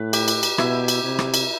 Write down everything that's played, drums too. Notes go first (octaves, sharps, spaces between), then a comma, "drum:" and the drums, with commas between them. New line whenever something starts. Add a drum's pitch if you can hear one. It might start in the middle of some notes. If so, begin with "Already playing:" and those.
Already playing: A2 B4
G4, drum: cymbal
drum: cymbal
drum: cymbal
B2 E4, drum: rim click
drum: cymbal
C3
drum: rim click
drum: cymbal